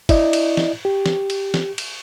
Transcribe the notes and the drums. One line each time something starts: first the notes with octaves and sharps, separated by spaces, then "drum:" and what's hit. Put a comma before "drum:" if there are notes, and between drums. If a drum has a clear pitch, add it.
E4 D5 D#5, drum: kick, cymbal
drum: cymbal
drum: snare
G4
drum: snare
drum: cymbal
drum: snare
drum: cymbal